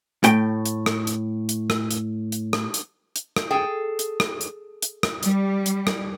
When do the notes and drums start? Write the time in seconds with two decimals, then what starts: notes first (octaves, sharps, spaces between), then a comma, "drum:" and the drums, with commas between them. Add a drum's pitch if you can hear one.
0.24 A2 G5, drum: hi-hat
0.65 drum: hi-hat
0.86 drum: rim click
1.07 drum: hi-hat
1.49 drum: hi-hat
1.70 drum: rim click
1.91 drum: hi-hat
2.32 drum: hi-hat
2.53 drum: rim click
2.74 drum: hi-hat
3.16 drum: hi-hat
3.37 drum: rim click
3.51 G#4 A4 G5
3.99 drum: hi-hat
4.20 drum: rim click
4.41 drum: hi-hat
4.82 drum: hi-hat
5.03 drum: rim click
5.23 G3, drum: hi-hat
5.66 drum: hi-hat
5.87 drum: rim click